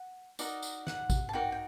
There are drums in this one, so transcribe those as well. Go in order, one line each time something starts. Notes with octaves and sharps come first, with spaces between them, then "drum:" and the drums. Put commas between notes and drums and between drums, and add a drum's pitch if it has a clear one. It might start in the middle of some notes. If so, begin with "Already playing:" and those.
Already playing: F#5
D#4 F#4 A#4 D5 D#5, drum: tambourine
drum: tambourine
F#5, drum: snare
drum: kick A1, tambourine
A5
D#4 F#4 A#4 D5 G5
G5